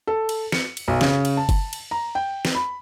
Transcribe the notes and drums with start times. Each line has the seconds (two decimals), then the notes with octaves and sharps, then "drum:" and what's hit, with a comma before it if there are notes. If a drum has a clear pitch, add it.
0.07 A4
0.29 drum: cymbal
0.52 C#7, drum: snare
0.77 drum: cymbal
0.88 B1
1.01 C#3, drum: snare
1.25 drum: cymbal
1.37 A5
1.49 drum: kick F#1, cymbal
1.73 drum: cymbal
1.91 A#5
2.15 G5
2.45 drum: snare
2.55 B5